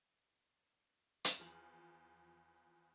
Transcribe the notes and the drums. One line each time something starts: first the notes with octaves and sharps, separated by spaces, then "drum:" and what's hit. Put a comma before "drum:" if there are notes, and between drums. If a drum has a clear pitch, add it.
drum: hi-hat
E2 F3 F6 F#7